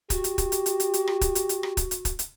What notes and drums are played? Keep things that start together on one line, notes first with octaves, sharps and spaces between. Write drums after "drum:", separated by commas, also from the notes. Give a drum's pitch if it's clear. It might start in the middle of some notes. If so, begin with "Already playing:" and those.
F#4 G4, drum: kick, hi-hat
drum: hi-hat
drum: kick, hi-hat
drum: hi-hat
drum: hi-hat
drum: hi-hat
drum: hi-hat
drum: rim click
drum: kick, hi-hat
drum: hi-hat
drum: hi-hat
drum: rim click
drum: kick, hi-hat
drum: hi-hat
drum: kick, hi-hat
drum: hi-hat